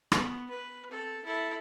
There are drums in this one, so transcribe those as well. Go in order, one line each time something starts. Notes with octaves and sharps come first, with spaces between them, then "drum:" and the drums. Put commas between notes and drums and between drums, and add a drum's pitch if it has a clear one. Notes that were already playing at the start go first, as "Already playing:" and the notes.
B3, drum: rim click
B4
C4 A4
E4 A4